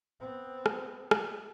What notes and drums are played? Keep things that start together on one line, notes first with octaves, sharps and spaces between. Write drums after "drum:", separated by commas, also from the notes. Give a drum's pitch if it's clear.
B3 C4
drum: rim click
drum: rim click